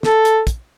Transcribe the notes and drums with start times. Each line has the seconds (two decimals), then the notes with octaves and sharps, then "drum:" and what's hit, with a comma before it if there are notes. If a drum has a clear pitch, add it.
0.03 A4, drum: snare
0.25 drum: hi-hat
0.47 drum: kick, hi-hat